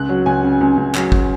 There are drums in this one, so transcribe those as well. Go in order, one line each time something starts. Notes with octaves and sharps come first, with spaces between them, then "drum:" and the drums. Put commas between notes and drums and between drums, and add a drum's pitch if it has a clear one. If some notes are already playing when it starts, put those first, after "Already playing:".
Already playing: C#2 F#6
F#3
C#2 G#5
C#3
C#2
C#2
F#3, drum: clap
drum: kick